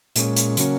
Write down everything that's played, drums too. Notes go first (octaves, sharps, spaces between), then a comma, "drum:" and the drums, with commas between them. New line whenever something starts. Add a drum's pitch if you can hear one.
A#2 G#3 C#4, drum: hi-hat
drum: hi-hat
C#3 F#3 A#3 C#4, drum: hi-hat